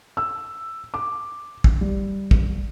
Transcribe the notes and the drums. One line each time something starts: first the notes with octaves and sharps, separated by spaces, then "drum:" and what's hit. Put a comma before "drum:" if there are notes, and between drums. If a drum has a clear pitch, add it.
E6
D6
drum: kick
G3
drum: kick